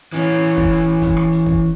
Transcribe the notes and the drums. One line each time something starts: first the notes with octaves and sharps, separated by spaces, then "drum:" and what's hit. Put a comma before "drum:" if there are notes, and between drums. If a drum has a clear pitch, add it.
E3 C#4, drum: hi-hat
drum: hi-hat
drum: kick
drum: hi-hat
drum: kick, hi-hat
drum: rim click
drum: hi-hat
drum: kick